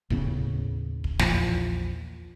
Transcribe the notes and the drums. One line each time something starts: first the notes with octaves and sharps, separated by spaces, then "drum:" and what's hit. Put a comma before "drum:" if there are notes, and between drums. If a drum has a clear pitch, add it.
D#2 A2 C#3 B3, drum: kick
drum: kick
A#1 E2 A#2 F3, drum: snare